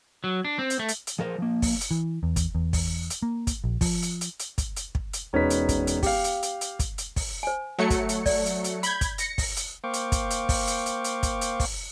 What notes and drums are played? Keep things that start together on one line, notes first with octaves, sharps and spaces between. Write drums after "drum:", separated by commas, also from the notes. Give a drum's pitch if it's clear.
F#3
D4
C4
drum: hi-hat
A3
drum: hi-hat
drum: hi-hat
F3 G#4 A#4 C5
F3 A#3
drum: kick, open hi-hat
drum: hi-hat
E3
E2
drum: kick, hi-hat
E2
drum: kick, open hi-hat
drum: hi-hat
A#3
drum: kick, hi-hat
A#1
F3, drum: kick, open hi-hat
drum: hi-hat
drum: hi-hat
drum: hi-hat
drum: kick, hi-hat
drum: hi-hat
drum: kick
drum: hi-hat
E1 C#4 D#4 B4 B6
drum: hi-hat
drum: kick, hi-hat
drum: hi-hat
G4 F5, drum: kick, open hi-hat
drum: hi-hat
drum: hi-hat
drum: hi-hat
drum: kick, hi-hat
drum: hi-hat
drum: kick, open hi-hat
C5 G#5
F#3 A3 C#7
drum: kick, hi-hat
drum: hi-hat
D5, drum: kick, open hi-hat
drum: hi-hat
drum: hi-hat
B5 G6 G#6, drum: hi-hat
drum: kick, hi-hat
A#6 C#7, drum: hi-hat
drum: kick, open hi-hat
drum: hi-hat
A#3 C5 F5 G5 C#6 D6
drum: hi-hat
drum: kick, hi-hat
drum: hi-hat
drum: kick, open hi-hat
drum: hi-hat
drum: hi-hat
drum: hi-hat
drum: kick, hi-hat
drum: hi-hat
drum: kick, open hi-hat